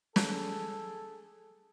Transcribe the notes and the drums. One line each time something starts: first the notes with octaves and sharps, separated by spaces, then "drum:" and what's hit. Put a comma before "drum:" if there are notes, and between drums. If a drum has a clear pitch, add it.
G#4 A4, drum: snare